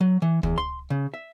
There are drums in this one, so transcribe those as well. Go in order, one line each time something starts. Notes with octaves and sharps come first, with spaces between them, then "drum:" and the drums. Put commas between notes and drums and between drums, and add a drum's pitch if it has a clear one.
F#3
E3
E2, drum: kick
C6
C#3
E5